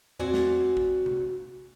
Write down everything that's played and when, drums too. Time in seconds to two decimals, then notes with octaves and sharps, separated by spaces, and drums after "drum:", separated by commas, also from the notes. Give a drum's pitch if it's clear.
0.19 C4 F#4 D5 G#5, drum: tom E2
0.34 drum: snare
0.77 drum: kick
1.06 drum: tom C3